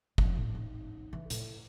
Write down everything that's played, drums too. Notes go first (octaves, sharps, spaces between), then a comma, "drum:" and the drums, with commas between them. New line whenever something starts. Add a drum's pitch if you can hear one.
F3, drum: kick
A2
D#4
E3
A2, drum: hi-hat